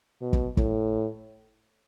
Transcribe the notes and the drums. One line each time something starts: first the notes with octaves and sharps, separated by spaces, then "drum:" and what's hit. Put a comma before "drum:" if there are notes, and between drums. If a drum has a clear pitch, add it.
B2
drum: kick
A2, drum: kick